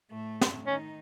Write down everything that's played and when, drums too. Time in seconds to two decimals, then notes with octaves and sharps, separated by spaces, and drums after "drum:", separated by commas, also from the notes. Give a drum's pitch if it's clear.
0.11 A2 A3
0.41 drum: snare
0.66 D#3 C#4 D#4